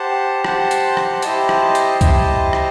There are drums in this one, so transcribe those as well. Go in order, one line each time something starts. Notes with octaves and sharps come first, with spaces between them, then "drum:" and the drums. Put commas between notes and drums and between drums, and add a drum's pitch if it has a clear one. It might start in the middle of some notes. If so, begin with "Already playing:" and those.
Already playing: G4 C5 F#5 A5
G4 C5 F#5 A5, drum: rim click
drum: hi-hat
drum: rim click
E4 G4 C5 D#5 A5, drum: hi-hat
drum: rim click
drum: hi-hat
E4 G4 C5 D#5 A5, drum: kick C2, hi-hat
drum: rim click